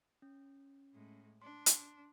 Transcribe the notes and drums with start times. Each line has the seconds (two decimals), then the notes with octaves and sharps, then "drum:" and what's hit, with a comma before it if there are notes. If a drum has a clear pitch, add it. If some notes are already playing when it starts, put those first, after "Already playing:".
0.22 C#4
0.93 A2 G#3
1.42 D4 C6
1.66 drum: hi-hat